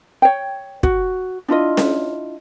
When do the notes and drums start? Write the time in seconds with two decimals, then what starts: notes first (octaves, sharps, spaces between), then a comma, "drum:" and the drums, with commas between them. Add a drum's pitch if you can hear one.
0.22 C#5 G5
0.83 F#4, drum: kick
1.48 D4 E4 F4 D#5
1.77 drum: snare C#4